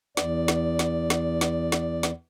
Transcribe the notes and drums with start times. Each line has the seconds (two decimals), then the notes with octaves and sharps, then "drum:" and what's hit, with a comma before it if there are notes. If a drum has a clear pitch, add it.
0.17 E2 D5, drum: snare
0.48 drum: snare
0.79 drum: snare
1.10 drum: snare
1.41 drum: snare
1.72 drum: snare
2.03 drum: snare